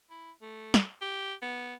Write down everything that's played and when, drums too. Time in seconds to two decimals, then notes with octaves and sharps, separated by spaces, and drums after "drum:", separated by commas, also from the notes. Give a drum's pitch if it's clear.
0.10 E4
0.42 A3
0.74 drum: snare
1.01 G4
1.42 B3